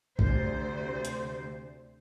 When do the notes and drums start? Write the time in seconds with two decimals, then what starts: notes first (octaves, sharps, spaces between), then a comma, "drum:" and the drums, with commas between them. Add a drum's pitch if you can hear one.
0.19 D2 C3 C5, drum: kick
1.05 drum: hi-hat